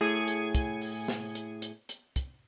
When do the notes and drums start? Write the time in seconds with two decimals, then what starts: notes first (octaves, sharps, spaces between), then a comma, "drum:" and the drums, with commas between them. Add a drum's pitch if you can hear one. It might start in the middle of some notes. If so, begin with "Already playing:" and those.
0.01 A2 G#4 G#6 C#7 D#7
0.28 drum: hi-hat
0.55 drum: kick, hi-hat
0.81 drum: open hi-hat
1.08 drum: snare
1.35 drum: hi-hat
1.62 drum: hi-hat
1.89 drum: hi-hat
2.16 drum: kick, hi-hat